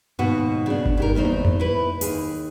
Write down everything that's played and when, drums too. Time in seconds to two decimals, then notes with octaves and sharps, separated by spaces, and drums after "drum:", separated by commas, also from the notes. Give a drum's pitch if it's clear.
0.19 D#2 G#2 B2 F#4 D#5
0.66 C#3 D4
0.86 drum: kick G1
0.97 G#2 G4 A#4
1.15 E2 A3 D#4 C5
1.25 drum: tom
1.45 drum: tom F2
1.60 E4 B4
2.01 D#2 G#4, drum: hi-hat